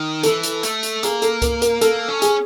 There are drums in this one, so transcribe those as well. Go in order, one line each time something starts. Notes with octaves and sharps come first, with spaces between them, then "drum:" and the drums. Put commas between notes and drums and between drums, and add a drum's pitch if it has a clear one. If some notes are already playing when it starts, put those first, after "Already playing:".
Already playing: D#3
E3 A4, drum: hi-hat
drum: hi-hat
A3, drum: hi-hat
drum: hi-hat
A#3 G#4, drum: hi-hat
A4, drum: hi-hat
A#4, drum: kick C#2, hi-hat
A#4, drum: hi-hat
A#3 A4, drum: hi-hat
C#4
G#4, drum: hi-hat